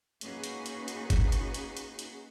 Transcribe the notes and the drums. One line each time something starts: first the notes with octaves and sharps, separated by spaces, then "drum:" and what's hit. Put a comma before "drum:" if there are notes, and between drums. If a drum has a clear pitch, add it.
A#3 C#4 D#4 F#4 G#4 B4, drum: hi-hat
drum: hi-hat
drum: hi-hat
drum: hi-hat
drum: kick G1, hi-hat
drum: hi-hat
drum: hi-hat
drum: hi-hat
drum: hi-hat